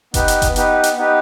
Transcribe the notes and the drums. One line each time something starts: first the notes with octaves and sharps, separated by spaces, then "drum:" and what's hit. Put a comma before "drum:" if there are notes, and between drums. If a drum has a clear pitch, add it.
B3 D#4 G4 B4, drum: kick F#1, hi-hat
drum: hi-hat
drum: kick F#1, hi-hat
B3 D#4 G4 B4, drum: hi-hat
drum: hi-hat
B3 D#4 G4 B4